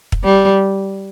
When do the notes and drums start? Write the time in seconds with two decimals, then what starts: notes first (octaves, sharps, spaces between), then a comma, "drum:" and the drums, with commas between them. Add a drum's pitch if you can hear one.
0.12 drum: kick
0.24 G3